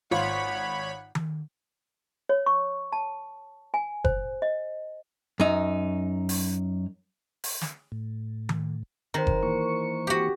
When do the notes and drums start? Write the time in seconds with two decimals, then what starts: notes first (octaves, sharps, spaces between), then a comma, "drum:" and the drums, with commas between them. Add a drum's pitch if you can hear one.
0.11 G#1 F4 C#5 F#5 B5
1.15 drum: tom D#3
2.29 C#5
2.46 C#6
2.92 A5
3.74 G#5
4.05 C5, drum: kick F#1
4.42 D#5
5.40 F#2 D#4
6.29 drum: open hi-hat
7.44 drum: open hi-hat
7.61 drum: snare
7.92 A2
8.49 drum: tom D#3
9.14 D#3 C5 A#5
9.27 drum: kick F#1
9.43 E3 A#3 C#6
10.07 F#4 G4